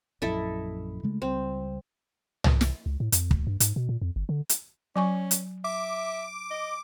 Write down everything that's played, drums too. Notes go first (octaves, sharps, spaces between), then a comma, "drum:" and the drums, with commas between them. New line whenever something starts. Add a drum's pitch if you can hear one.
A#1 F#2 E4 A4 D#5
C#3 G#3 A3
C#2 G3 C4
drum: tom
drum: snare
C#2
A2
F2, drum: hi-hat
D2, drum: kick
G2
G#2, drum: hi-hat
B2
A#2
F2
G1
D3
drum: hi-hat
F#3 C#4 G#5 C#6
drum: hi-hat
E5 D6
D#5